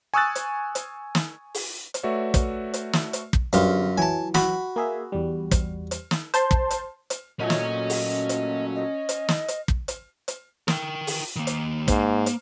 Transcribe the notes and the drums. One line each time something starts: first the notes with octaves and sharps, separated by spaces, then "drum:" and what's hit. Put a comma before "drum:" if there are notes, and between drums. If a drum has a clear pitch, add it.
G#5 C#6 D#6 E6 F#6 A6
drum: hi-hat
drum: hi-hat
drum: snare
drum: open hi-hat
drum: hi-hat
A3 F#4 B4 C#5 D5 E5
drum: kick, hi-hat
drum: hi-hat
drum: snare
drum: hi-hat
drum: kick
F#2 D3 G3 B3 F4, drum: hi-hat
E3 F#3 G#5 A5
F#4 B5, drum: snare
A#3 G#4 E5
E2 G3
drum: kick, hi-hat
drum: hi-hat
drum: snare
C5 A5 C6, drum: hi-hat
drum: kick
drum: hi-hat
drum: hi-hat
A#2 F#3 A3 C#4 D#5 G#5
drum: snare
drum: open hi-hat
drum: hi-hat
D#5
drum: hi-hat
drum: snare
drum: hi-hat
drum: kick
drum: hi-hat
drum: hi-hat
A#4 G5, drum: snare
drum: open hi-hat
D#3 A#3
drum: hi-hat
G#2 A#3, drum: kick, hi-hat
drum: hi-hat